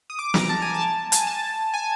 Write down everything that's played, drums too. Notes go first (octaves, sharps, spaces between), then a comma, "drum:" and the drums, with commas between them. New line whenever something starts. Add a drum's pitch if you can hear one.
D#6
D6
A#5, drum: snare
A5
G#5
A5
G#5, drum: hi-hat
A5
G#5